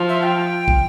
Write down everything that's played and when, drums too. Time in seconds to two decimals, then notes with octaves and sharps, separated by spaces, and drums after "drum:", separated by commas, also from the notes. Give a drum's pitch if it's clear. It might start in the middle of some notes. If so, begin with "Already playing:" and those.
Already playing: F3
0.09 E5
0.23 G5
0.68 drum: kick